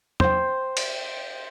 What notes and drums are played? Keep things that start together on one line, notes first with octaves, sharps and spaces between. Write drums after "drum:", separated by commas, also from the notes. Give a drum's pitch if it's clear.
C5 G5, drum: tom E2
drum: cymbal